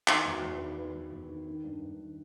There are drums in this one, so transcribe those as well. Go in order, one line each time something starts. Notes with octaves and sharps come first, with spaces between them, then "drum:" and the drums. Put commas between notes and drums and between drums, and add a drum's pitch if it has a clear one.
D#3 E4, drum: clap
E2
F#4
E2
B4
D#3
D#3 B4
E2
E2
D#3
D#3
G2
G2
D#3